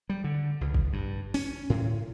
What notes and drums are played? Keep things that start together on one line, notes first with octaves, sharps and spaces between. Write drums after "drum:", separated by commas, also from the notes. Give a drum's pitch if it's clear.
G3
D3
C#2
drum: kick
G2
C#4, drum: open hi-hat
A2